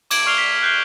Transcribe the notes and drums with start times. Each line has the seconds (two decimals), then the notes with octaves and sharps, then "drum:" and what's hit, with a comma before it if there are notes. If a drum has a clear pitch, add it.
0.11 D6 G#6 D7 F#7, drum: cymbal
0.26 C#6 F6 C7 F7 G7
0.38 B6
0.62 F#6 G6 C7 G7